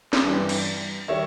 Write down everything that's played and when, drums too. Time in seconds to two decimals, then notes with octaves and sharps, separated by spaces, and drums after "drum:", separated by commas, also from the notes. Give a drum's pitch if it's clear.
0.13 drum: snare
0.24 G2 E3 G3
0.49 drum: cymbal
1.08 D#3 G3 C#5 E5